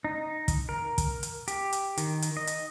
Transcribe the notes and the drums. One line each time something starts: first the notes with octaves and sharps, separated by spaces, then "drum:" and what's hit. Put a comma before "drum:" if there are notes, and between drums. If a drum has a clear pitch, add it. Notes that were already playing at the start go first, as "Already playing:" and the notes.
D#4
drum: kick, hi-hat
A#4
drum: kick, hi-hat
drum: hi-hat
G4, drum: hi-hat
drum: hi-hat
D#3, drum: hi-hat
drum: hi-hat
D#5
drum: hi-hat